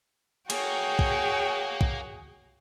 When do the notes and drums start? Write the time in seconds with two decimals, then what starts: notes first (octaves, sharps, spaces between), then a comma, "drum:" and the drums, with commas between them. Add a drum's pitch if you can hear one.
0.50 A#3 F#4 G#4 C#5 G5, drum: cymbal
0.99 drum: kick
1.81 drum: kick